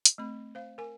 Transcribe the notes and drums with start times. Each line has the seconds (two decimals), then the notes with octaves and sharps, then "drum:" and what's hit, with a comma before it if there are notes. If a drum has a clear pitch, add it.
0.05 drum: hi-hat
0.18 A3 C4 B5
0.55 C5 F5
0.78 A#4 G#5